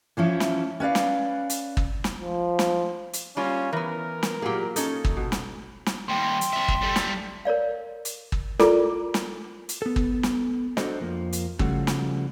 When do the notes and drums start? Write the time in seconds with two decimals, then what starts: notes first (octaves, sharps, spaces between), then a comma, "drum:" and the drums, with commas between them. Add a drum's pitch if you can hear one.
0.17 E3 F3 C#4 E4
0.40 drum: snare
0.80 C#4 B4 D5 F5
0.95 drum: snare
1.50 drum: hi-hat
1.77 drum: kick
2.04 drum: snare
2.21 F3
2.59 drum: snare
3.13 drum: hi-hat
3.37 G3 A#3 C#4 F4
3.73 E3 B3 A#4
4.23 drum: snare
4.42 A#2 F#3 A#3 G4 G#4
4.76 C#4 D#4 A4, drum: hi-hat
5.05 drum: kick
5.17 B2
5.32 drum: snare
5.86 drum: snare
6.08 D#2 G3 G5 C6
6.41 drum: hi-hat
6.53 C2 E5
6.68 drum: kick
6.81 G3 A4
6.96 drum: snare
7.45 A#4 C#5 D5 F5
8.05 drum: hi-hat
8.32 drum: kick
8.59 E4 F4 A4 A#4 D5 D6, drum: snare
9.14 drum: snare
9.69 drum: hi-hat
9.82 B3 A4
9.96 drum: kick
10.23 drum: snare
10.77 D4 F#4 A4 C5 D#5, drum: snare
11.00 F2 F3 A#3
11.33 drum: hi-hat
11.59 C#3 F3 G3 A3 F#4, drum: kick
11.87 drum: snare